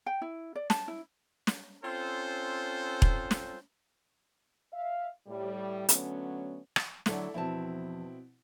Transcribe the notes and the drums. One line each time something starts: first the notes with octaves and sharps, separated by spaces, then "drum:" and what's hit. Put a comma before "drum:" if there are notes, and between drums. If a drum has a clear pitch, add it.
G5
E4
D5
A5, drum: snare
E4
drum: snare
C4 C#4 F4 A4 C5
drum: kick E1
drum: snare
E5 F5
A2 G3
D3 F#3 A3 B3 C#4, drum: hi-hat
drum: rim click
D3 F#3 E4 A4 D5, drum: snare
E2 B2 F3 C4 E4 A5